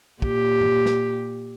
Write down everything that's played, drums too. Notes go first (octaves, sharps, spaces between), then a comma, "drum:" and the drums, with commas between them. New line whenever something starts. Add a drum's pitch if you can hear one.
A#2 G4, drum: kick
drum: tom G2
drum: snare